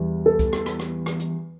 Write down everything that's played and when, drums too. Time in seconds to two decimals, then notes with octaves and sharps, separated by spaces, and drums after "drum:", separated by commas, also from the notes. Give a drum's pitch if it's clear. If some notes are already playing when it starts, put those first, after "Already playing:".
Already playing: E2 E3 G3
0.26 A4
0.39 drum: kick, hi-hat
0.53 drum: rim click
0.66 drum: rim click
0.79 drum: rim click
1.06 drum: rim click
1.20 drum: hi-hat